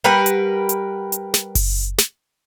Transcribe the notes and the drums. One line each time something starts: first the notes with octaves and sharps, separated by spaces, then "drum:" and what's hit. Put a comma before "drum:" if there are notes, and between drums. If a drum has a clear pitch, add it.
G3 A#4 B4 F#5
drum: hi-hat
drum: hi-hat
drum: hi-hat
drum: snare
drum: kick F#1, open hi-hat
drum: snare